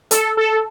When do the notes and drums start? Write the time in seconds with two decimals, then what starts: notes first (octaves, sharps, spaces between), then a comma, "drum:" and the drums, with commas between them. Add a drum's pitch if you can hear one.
0.11 A4, drum: hi-hat
0.37 A4